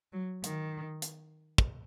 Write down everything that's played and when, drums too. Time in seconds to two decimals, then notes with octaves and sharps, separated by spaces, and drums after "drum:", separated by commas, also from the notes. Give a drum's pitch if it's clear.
0.13 F#3
0.44 D#3, drum: hi-hat
1.02 drum: hi-hat
1.58 drum: kick